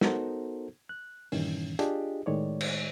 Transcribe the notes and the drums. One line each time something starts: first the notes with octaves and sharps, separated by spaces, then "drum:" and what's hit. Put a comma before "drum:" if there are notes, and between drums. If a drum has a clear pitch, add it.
B3 D#4 F#4 A4 A#4 C5, drum: snare
F#6
G2 A#2 D#3 E3 C#4, drum: open hi-hat
D4 F4 G4 G#4 D#5, drum: hi-hat
A2 D#3 G#3 C#5 D5
drum: cymbal